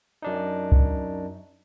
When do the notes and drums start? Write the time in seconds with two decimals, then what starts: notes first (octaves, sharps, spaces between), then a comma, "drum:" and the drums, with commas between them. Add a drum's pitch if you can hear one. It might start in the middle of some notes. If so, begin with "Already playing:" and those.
0.22 F#2 D4 D#4
0.72 drum: kick C2